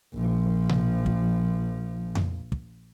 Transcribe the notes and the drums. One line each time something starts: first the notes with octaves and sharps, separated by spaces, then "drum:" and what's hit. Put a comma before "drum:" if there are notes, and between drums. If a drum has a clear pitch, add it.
A#1 F3
drum: tom B2
drum: kick
drum: tom F2
drum: kick